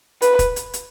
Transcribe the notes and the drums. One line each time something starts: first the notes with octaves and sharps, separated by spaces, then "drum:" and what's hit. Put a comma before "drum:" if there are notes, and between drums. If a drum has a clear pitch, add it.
B4, drum: hi-hat
drum: kick, hi-hat
drum: hi-hat
drum: hi-hat